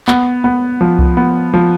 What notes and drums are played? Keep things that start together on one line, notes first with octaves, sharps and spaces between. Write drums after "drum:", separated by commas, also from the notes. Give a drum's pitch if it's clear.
B3, drum: clap
B3
F3
drum: kick C2
B3
F3